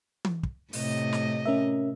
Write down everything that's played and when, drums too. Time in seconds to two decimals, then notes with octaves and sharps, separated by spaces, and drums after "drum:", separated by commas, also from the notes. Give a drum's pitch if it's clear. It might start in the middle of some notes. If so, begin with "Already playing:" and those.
0.25 drum: tom E3
0.43 drum: kick
0.73 A2 C3 D#5, drum: open hi-hat
1.13 drum: snare
1.45 C#4 A#4 E5